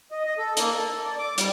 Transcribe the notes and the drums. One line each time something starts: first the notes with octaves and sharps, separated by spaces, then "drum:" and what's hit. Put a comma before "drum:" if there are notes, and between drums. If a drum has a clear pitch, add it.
D#5
D#5
A4
A#3, drum: hi-hat
A4
D5
D6
G3, drum: hi-hat